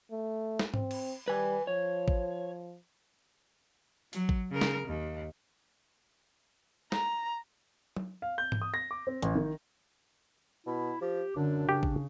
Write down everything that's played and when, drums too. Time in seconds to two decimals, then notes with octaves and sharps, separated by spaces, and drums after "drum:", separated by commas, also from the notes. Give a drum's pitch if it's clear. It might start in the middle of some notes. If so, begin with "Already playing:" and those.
0.11 A3
0.59 drum: snare
0.74 C4, drum: tom G#2
0.91 drum: cymbal
1.28 G3 B4 G#5
1.67 F3 C#5
2.08 drum: kick G#1
4.13 F#3, drum: open hi-hat
4.29 drum: kick G#1
4.51 C#3 A#4
4.61 drum: snare
4.88 D#2
6.92 A#5, drum: snare
7.97 drum: tom F#3
8.22 F5
8.38 G6
8.52 drum: tom G#2
8.61 D#6
8.74 A#6
8.91 D6
9.07 C4
9.22 A1, drum: hi-hat
9.35 D#3
10.67 B2 E4
11.01 F3 G4
11.36 F#2 D3 D4
11.69 C#3 G4
11.83 drum: kick G#1